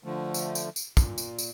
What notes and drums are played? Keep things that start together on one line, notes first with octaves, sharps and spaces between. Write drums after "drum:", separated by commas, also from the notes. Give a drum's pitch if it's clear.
D3 F3 A3
drum: tambourine
drum: tambourine
drum: tambourine
A#2, drum: kick, tambourine
drum: tambourine
drum: tambourine